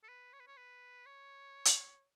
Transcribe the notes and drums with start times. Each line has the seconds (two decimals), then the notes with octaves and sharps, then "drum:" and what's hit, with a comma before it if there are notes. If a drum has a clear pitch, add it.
0.04 A4
0.09 B4
0.33 C#5
0.40 B4
0.47 C#5
0.57 B4
1.06 C#5
1.65 drum: hi-hat